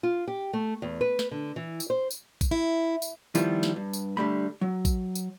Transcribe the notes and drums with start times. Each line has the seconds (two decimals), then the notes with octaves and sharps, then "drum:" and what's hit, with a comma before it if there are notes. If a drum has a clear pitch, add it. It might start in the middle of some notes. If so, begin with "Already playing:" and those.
0.03 F4
0.28 G4
0.53 A3
0.82 E2
1.01 B4
1.19 drum: snare
1.31 D3
1.56 E3
1.80 drum: tambourine
1.90 C5
2.10 drum: tambourine
2.41 drum: kick, tambourine
2.51 E4
3.02 drum: tambourine
3.35 D#3 F3 G3 B3 E4 F4, drum: tambourine
3.63 drum: snare
3.76 G2
3.93 drum: tambourine
4.17 D3 G3 A3 B5
4.61 F#3
4.85 drum: kick, tambourine
5.15 drum: tambourine